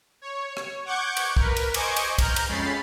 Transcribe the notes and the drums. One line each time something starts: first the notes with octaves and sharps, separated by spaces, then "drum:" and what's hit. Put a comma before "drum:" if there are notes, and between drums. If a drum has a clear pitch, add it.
C#5
drum: rim click
F#5 C#6 D6 G6 G#6
drum: cymbal
A#4 B4, drum: kick
drum: cymbal
C5 D#5 G#5 C#6 D6 G#6, drum: cymbal
drum: cymbal
A#5 F6 G6, drum: kick, cymbal
drum: cymbal
F2 G#3 C#4 B5 A6 C7